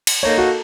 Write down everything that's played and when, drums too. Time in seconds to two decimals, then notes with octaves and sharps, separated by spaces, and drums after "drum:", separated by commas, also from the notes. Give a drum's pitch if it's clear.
0.07 drum: cymbal
0.23 A#3 D#4 A4 C#5
0.38 F#4